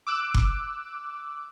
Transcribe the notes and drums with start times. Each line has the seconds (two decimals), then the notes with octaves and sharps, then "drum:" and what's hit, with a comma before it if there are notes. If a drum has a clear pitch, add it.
0.07 D6 E6 F#6
0.34 drum: kick F#1